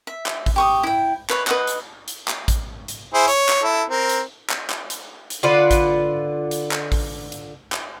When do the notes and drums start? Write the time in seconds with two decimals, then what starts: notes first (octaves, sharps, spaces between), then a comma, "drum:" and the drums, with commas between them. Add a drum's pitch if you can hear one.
0.07 E5
0.26 drum: clap
0.46 drum: kick A1, open hi-hat
0.56 G4 C#6 D#6
0.83 E4 G5
1.30 B4 C#5, drum: clap
1.47 B4 D#5 F#5, drum: clap
1.67 drum: hi-hat
2.08 drum: hi-hat
2.28 drum: clap
2.48 drum: kick A1, hi-hat
2.88 drum: hi-hat
3.14 E4 G#4 C5
3.28 C#5, drum: hi-hat
3.49 drum: clap
3.63 E4 A4
3.90 C4 A#4
4.09 drum: hi-hat
4.50 drum: clap
4.70 drum: clap
4.90 drum: hi-hat
5.30 drum: hi-hat
5.43 D3 F4 B4 D5
5.71 drum: kick A1, hi-hat
6.51 drum: hi-hat
6.72 drum: clap
6.92 drum: kick A1, open hi-hat
7.32 drum: hi-hat
7.72 drum: clap